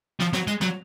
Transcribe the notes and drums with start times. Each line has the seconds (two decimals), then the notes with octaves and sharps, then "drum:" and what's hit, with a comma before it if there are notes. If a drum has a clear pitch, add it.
0.20 F3, drum: snare
0.33 F#3, drum: snare
0.47 G#3, drum: hi-hat
0.61 F#3, drum: snare